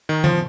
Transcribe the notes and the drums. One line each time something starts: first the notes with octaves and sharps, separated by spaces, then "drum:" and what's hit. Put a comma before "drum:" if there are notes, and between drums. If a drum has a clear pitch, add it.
D#3
F3, drum: tom D3